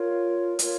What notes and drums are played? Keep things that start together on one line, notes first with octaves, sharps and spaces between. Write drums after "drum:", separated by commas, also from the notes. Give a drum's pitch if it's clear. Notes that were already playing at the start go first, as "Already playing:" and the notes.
Already playing: F4 A#4 C#5
F4 A#4 C#5, drum: hi-hat